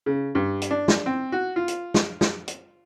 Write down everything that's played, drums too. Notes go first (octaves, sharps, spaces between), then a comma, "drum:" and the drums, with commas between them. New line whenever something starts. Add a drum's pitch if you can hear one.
C#3
G2
drum: hi-hat
D4
drum: snare
C4
F#4
F4
drum: hi-hat
drum: snare
drum: snare
drum: hi-hat